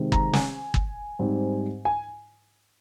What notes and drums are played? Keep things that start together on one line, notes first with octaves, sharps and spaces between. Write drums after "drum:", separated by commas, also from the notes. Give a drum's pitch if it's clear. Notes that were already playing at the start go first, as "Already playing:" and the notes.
Already playing: C3 D#3 G#3 C4
A#5, drum: kick
G#5, drum: snare
drum: kick
G#2 G3 C4
G#5